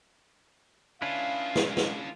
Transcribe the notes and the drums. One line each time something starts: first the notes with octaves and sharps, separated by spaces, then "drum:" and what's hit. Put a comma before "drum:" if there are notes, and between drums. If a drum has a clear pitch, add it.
C#4 D4 E4 F4 B4 F5
drum: snare
drum: snare